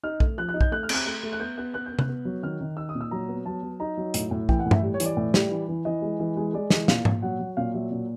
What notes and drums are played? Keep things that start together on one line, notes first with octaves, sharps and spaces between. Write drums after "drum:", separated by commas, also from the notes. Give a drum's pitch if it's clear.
D#4 F6
A3, drum: kick
F3 F#6
F#6
D#4
G6, drum: kick
A3 F#6
F6
C4, drum: cymbal
F#6
A3 F#6
A3
F#6
B3 G6
B3 F#6
B3 F#6
G6
B3
F#6, drum: tom C3
B3
F#3
D#3 F6
D#3
D#4 E6
D#6
A#2
E6
F#3 A#5
B3
F#3 A5
F#3
D#4 A#5
F#3
A2, drum: hi-hat
A2
E3 G5, drum: kick
F#5
A2
E5, drum: tom G2
G3
C#5
E3, drum: hi-hat
D5
A2
G3, drum: snare
E3
E3
E3 D#5
G#3
E3
G#3
G#3 D5
E3 D#5, drum: snare
A#2 F5, drum: snare
A#2, drum: tom G#2
F#3 F#5
F#3
A#2 F5
F#3 E5
A#2